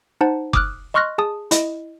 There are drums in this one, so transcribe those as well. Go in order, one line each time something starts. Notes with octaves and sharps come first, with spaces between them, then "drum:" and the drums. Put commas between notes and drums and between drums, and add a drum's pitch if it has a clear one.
D#4 C5 F#5 A5
D6 D#6 F6 F#6, drum: kick F#1
D#5 C6 C#6 F6 F#6 A#6
G#4 A5 D#6
E4 D#5, drum: hi-hat